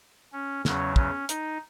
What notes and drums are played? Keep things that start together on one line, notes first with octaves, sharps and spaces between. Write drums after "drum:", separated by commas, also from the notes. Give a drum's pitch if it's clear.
C#4
E2 C#3 F#3 C#4, drum: snare
C#4, drum: kick
D#4, drum: hi-hat